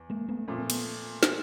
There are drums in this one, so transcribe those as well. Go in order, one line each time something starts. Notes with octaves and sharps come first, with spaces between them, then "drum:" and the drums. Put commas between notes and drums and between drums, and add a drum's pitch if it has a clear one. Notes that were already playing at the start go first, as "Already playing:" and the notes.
Already playing: E2
G#3 A#3
A3 B3
A#2 F3 A3 C#4
C4
B3, drum: cymbal
drum: snare